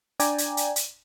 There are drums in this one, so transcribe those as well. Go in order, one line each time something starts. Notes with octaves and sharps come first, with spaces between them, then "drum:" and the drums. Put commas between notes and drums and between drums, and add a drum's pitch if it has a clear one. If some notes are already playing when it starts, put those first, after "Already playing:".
D4 D5 G5 G#5 A#5, drum: hi-hat
drum: hi-hat
drum: hi-hat
drum: hi-hat